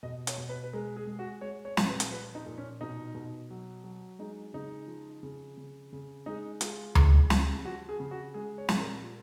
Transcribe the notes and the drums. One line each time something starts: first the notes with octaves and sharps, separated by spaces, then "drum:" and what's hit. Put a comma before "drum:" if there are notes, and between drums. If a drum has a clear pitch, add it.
B2 D#5
C#5, drum: hi-hat
B2
B4
B4
G#3 A#4
G#4
G#3
F#4
G#3 C#5
C#5
A#2, drum: snare
B4
drum: hi-hat
F3 B4
D#4
A#2
C#4
B2 D#4
B2
F#3
F#3
G#3 D#4
C#3 D#4
F3
C#3
C#3
C#3
G#3 D#4
G#3 F4, drum: hi-hat
G#3, drum: tom D2
C#3, drum: snare
F3 F#4
G#4
C#3
F#4
G#3 G#4
C#5
A#2, drum: snare
A#4
F3